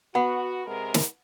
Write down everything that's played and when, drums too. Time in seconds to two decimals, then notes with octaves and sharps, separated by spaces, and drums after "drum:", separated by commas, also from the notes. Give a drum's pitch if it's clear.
0.15 B3 F#4 F#5
0.66 C3 G#3 A#4
0.94 drum: snare